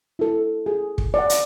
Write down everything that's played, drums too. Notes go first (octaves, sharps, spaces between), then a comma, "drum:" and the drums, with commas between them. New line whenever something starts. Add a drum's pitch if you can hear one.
E4 A4
G#4
drum: kick
D5 F#5
drum: hi-hat